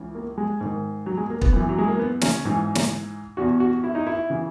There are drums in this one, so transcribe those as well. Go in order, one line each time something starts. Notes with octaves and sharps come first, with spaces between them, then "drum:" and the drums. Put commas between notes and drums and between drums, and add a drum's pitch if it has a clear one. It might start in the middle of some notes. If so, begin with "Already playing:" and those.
Already playing: C#2 C#3 E3
A#3
G#3
G#2 D#3
F#3
G#3
A#3
B3, drum: kick
F#2 E3
F#3
G#3
A#3
B3
C#4, drum: snare
G#2 E3
drum: snare
E2 B2 F#4
F#4
E4
D#4
E4
C#3 E3